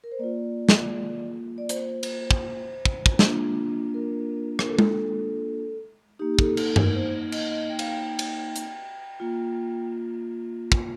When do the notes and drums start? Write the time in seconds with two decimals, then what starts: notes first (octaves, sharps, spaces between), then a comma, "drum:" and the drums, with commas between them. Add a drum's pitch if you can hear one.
0.04 A#4
0.12 C5
0.19 A#3 F4 D5
0.69 drum: snare
1.58 D5
1.69 C5, drum: hi-hat
2.03 drum: cymbal
2.31 drum: kick
2.85 drum: kick
3.06 drum: kick
3.19 A#3 D4 F4, drum: snare
3.94 A#4
4.59 A#4, drum: rim click
4.69 A4
4.79 drum: tom G#3
6.19 A#3 D#4 G4
6.34 G4
6.39 A4, drum: kick
6.57 A4, drum: cymbal
6.76 A#4, drum: tom G2
6.95 C5
7.32 D#5, drum: cymbal
7.51 D#5
7.69 G5
7.79 F5, drum: cymbal
7.89 G5
8.19 drum: cymbal
8.56 drum: hi-hat
9.20 A#3 F4
10.72 drum: kick